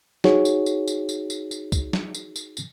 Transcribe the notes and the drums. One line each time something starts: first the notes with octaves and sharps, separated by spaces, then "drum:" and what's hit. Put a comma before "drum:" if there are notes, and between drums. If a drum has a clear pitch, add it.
D#4 F#4 G#4 C#5, drum: snare
drum: tambourine
drum: tambourine
drum: tambourine
drum: tambourine
drum: tambourine
drum: tambourine
drum: kick, tambourine
drum: snare
drum: tambourine
drum: tambourine
drum: tambourine